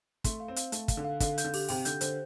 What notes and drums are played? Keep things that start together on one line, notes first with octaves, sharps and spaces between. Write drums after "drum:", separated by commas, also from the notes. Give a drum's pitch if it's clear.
A3 C6, drum: kick, hi-hat
F5
C4
F5, drum: hi-hat
A3 A5, drum: hi-hat
F5, drum: kick, hi-hat
D3
F5
D3 F5, drum: kick, hi-hat
G6, drum: hi-hat
D3
G4, drum: open hi-hat
C3 G5, drum: open hi-hat
D3 G6, drum: hi-hat
D3 C5, drum: hi-hat